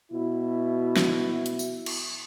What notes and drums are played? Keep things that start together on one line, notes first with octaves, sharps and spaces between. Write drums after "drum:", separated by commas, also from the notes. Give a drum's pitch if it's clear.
B2 E4
drum: snare
drum: hi-hat
drum: tambourine
drum: cymbal